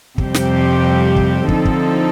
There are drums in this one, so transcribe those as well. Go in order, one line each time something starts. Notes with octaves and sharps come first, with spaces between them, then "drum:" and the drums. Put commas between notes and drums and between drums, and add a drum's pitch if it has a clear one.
F2 C3 G3 C4 G4, drum: kick
drum: snare
drum: kick
D3 F3 C4 D#4 A4, drum: kick
drum: kick